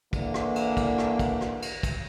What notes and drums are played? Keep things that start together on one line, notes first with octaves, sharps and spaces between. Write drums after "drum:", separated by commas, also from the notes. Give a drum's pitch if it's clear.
D3 E3 A#3, drum: kick, cymbal
drum: rim click
drum: cymbal
drum: kick, cymbal
drum: rim click
drum: kick, cymbal
drum: rim click
drum: cymbal
drum: kick, cymbal